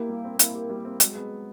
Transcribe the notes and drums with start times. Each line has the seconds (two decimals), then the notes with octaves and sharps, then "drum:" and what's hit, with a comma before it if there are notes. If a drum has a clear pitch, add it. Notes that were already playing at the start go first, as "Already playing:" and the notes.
Already playing: A#3 E4 G4
0.09 G3
0.25 C4
0.39 A#3 E4, drum: hi-hat
0.55 G4
0.70 G3
0.85 C4
1.00 F#3 G#3, drum: hi-hat
1.15 B3